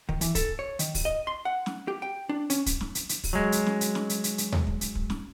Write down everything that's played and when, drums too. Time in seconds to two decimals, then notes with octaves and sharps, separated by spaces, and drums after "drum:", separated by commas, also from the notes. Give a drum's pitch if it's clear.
0.09 D#3, drum: kick
0.21 E3, drum: hi-hat
0.35 A4, drum: kick, hi-hat
0.59 C#5
0.79 D#3, drum: hi-hat
0.95 drum: kick, open hi-hat
1.05 D#5
1.27 C6
1.45 F#5
1.66 drum: snare
1.88 G4
2.02 G5
2.29 D4
2.50 C#4, drum: hi-hat
2.66 drum: kick, hi-hat
2.81 drum: snare
2.95 drum: hi-hat
3.09 drum: hi-hat
3.24 drum: kick, open hi-hat
3.33 F#3 G#3
3.52 drum: hi-hat
3.67 drum: snare
3.81 drum: hi-hat
3.95 drum: snare
4.09 drum: hi-hat
4.24 drum: hi-hat
4.38 drum: hi-hat
4.52 drum: tom D#2
4.67 drum: kick
4.81 drum: hi-hat
4.95 drum: kick
5.10 drum: snare